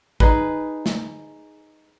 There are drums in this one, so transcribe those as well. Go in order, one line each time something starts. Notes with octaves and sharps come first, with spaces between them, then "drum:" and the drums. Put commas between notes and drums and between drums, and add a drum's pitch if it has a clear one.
D#4 G#4 B4, drum: kick
drum: snare